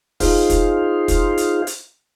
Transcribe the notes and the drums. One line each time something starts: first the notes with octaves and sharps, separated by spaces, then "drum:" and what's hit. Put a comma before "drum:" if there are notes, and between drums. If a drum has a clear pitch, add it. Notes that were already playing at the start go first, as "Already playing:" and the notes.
D#4 F4 G#4 C5 F5, drum: kick, open hi-hat
drum: kick, hi-hat
drum: kick, hi-hat
drum: hi-hat
drum: hi-hat